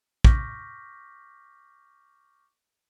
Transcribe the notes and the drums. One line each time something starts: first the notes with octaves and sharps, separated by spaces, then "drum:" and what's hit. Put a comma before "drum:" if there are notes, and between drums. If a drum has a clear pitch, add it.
C#6 D6 F6 G6 A#6 B6, drum: kick